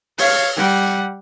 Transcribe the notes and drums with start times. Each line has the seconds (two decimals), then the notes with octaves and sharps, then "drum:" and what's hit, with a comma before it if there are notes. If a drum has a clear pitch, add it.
0.18 C#5 F5, drum: open hi-hat
0.56 G3 F#5